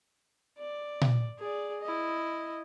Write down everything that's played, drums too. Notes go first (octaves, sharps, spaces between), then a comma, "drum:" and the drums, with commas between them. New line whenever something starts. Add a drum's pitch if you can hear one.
D5
drum: tom A#2
G#4 D5
E4 D#5